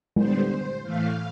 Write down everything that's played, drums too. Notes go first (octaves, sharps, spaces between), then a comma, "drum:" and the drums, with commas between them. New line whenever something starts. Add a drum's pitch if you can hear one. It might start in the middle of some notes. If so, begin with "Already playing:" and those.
D3 G3 B3 C5, drum: tom G#3
A2 E3 A3 F5